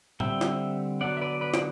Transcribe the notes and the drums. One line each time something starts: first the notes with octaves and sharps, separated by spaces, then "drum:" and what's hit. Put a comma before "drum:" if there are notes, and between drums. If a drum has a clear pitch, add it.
D3 G3 C4 E5 G5, drum: tom
drum: snare
D3 F#3 B3 D5 F#5
E5
B4 D5
B4 D5
D5, drum: snare